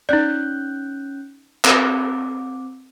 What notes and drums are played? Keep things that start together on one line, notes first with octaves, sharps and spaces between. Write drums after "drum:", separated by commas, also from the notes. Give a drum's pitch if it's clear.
C#4 D#4 D5 F#6 G6
C4 D6, drum: clap